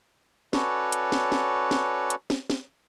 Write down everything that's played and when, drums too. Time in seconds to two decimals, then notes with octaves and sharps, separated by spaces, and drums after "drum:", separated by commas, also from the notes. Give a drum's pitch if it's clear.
0.53 C#4 F#4 A4 B4 C#5 D5, drum: snare
0.92 drum: hi-hat
1.12 drum: snare
1.32 drum: snare
1.71 drum: snare
2.10 drum: hi-hat
2.30 drum: snare
2.50 drum: snare